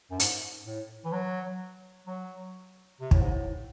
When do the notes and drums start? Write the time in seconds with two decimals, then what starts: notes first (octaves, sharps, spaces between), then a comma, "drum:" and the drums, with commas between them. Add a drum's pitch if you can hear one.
0.11 F#2
0.20 G#2, drum: hi-hat
0.66 A2
1.05 E3
1.13 F#3
2.07 F#3
3.01 C3
3.11 A2, drum: kick
3.21 G#2
3.31 A2